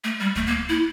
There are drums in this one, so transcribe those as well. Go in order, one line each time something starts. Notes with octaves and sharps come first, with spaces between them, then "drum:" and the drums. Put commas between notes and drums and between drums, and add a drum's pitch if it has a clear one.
A3
G3
A3, drum: kick
A#3
E4